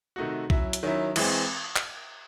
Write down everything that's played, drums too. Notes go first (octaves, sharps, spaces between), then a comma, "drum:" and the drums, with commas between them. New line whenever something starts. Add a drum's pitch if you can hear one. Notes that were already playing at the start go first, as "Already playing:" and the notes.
C3 D#3 A3 D#4 F#4
F#3 C#4 E4, drum: kick B1
drum: hi-hat
D#3 F#3 C#4 E4
E3 G#3 C4, drum: cymbal
drum: clap